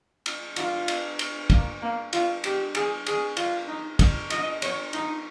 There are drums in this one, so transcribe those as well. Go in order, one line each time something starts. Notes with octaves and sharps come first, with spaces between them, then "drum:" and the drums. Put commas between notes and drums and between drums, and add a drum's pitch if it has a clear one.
drum: cymbal
F4, drum: cymbal
drum: cymbal
drum: cymbal
A#3, drum: kick, cymbal
A#3
F4, drum: cymbal
G4, drum: cymbal
G#4, drum: cymbal
G#4, drum: cymbal
F4, drum: cymbal
D#4
drum: kick, cymbal
D#5, drum: cymbal
C#5, drum: cymbal
D#4, drum: cymbal